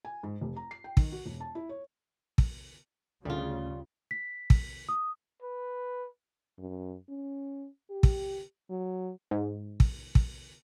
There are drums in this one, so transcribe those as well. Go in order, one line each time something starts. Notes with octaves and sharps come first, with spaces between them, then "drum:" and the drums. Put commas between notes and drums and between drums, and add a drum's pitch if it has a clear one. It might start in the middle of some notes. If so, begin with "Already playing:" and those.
G#5
G#2
F1
A#5
C7
G5
D#3, drum: kick
F#4
E1
A5
E4
C#5
drum: kick
D2 C#3 G3 F4
B6
drum: kick
D#6
B4
F#2
C#4
G4
drum: kick
F#3
G#2
drum: kick
drum: kick